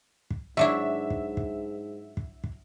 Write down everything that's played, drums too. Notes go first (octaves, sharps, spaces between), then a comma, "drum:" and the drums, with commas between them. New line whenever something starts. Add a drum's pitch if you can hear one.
drum: kick
G#2 F#3 D4 E4 E5
drum: kick
drum: kick
drum: kick
drum: kick